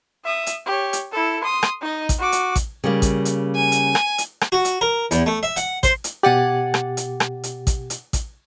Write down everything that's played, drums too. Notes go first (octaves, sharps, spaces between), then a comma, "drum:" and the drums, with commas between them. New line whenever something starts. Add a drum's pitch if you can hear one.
E5 D#6
drum: hi-hat
G4 C#5
drum: hi-hat
E4 A4
C6 D#6
drum: rim click
D#4 D#5
drum: kick A1, hi-hat
F#4 D6
drum: hi-hat
drum: kick A1, hi-hat
C#3 G3 A#3
drum: kick A1, hi-hat
drum: hi-hat
G#5
drum: hi-hat
drum: rim click
drum: hi-hat
drum: rim click
F#4
drum: hi-hat
A#4
E2, drum: hi-hat
A3
E5
F#5, drum: hi-hat
C5, drum: kick A1, hi-hat
drum: hi-hat
B2 G4 D5 F#5 G#5
drum: rim click
drum: hi-hat
drum: rim click
drum: hi-hat
drum: kick A1, hi-hat
drum: hi-hat
drum: kick A1, hi-hat